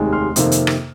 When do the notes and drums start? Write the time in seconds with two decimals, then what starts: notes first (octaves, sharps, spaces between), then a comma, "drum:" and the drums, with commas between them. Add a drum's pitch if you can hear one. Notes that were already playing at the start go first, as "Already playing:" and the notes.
Already playing: F1 D#2 D#3 G#3
0.13 C6 F6
0.36 F2 C3 D#3 A#3, drum: hi-hat
0.52 drum: hi-hat
0.67 drum: rim click